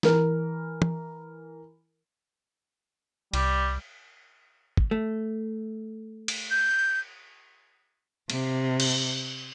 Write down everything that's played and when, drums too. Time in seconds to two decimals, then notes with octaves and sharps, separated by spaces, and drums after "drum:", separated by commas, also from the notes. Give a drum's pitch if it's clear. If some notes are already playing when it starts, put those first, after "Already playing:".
0.03 E3 A#4, drum: snare
0.82 drum: tom
3.34 C2 G3, drum: cymbal
4.77 drum: kick
4.91 A3
6.28 drum: cymbal
6.51 G6
8.30 C3, drum: cymbal
8.80 drum: cymbal